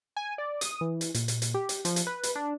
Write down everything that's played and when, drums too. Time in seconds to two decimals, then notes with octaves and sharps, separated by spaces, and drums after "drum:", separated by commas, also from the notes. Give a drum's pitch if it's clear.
0.17 G#5
0.38 D5
0.61 D#6, drum: hi-hat
0.81 E3
1.01 drum: hi-hat
1.14 A#2, drum: hi-hat
1.28 drum: hi-hat
1.42 drum: hi-hat
1.54 G4
1.69 drum: hi-hat
1.85 F3, drum: hi-hat
1.96 drum: hi-hat
2.07 B4
2.23 drum: hi-hat
2.35 D4